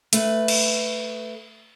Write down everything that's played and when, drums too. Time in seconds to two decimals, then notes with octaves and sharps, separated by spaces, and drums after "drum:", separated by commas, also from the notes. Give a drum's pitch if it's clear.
0.13 A3 B4, drum: hi-hat
0.48 drum: cymbal